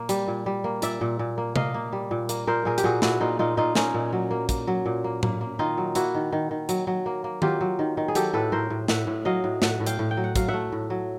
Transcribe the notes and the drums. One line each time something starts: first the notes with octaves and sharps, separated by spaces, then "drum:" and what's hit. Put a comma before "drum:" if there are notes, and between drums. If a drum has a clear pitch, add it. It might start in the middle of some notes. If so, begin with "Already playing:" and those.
Already playing: A#2 A#3
G3, drum: hi-hat
A#2
G3
A#3
A#2 D5 E5, drum: hi-hat
A#2
A#2
A#3
A#3 D#5 F5, drum: tom C3
A#3
G3
A#2
A#3, drum: hi-hat
A#2 A#4 C5
A#2 G#4 A#4
G4, drum: hi-hat
A#2 F#4 G#4
A#2 E4 F#4, drum: snare
A#2 D#4 F4
A#2 D#4 F4
A#2 D#4 F4
A#2 C#4 D#4, drum: snare
A#2
F#3
A#3
A#3, drum: kick, hi-hat
F#3
A#2
A#3
A#3, drum: tom A2
A#3
D#3 D#4 F4
F#3
A#3 E4 F#4, drum: hi-hat
D#3
D#3
D#3
F#3, drum: hi-hat
F#3
A#3
A#3
F#3 F4 G4, drum: tom D#3
F#3
D#3
D#3
G#4
F#3 G4 A4, drum: hi-hat
A2 A4 B4
A2 A#4 C5
A2
A2 E5 F#5, drum: snare
A2
F#3 D#5 F5
A2
A2 E5 F#5, drum: snare
A2
F5 G5, drum: hi-hat
A2
G5
F#3
F#5
F#3 F5, drum: kick, hi-hat
E5 F#5
A3
A2
F#3